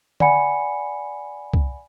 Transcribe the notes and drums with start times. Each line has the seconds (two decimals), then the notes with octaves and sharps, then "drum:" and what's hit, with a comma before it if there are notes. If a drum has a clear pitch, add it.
0.20 D5 F#5 G#5 B5 C#7, drum: tom D3
1.54 drum: kick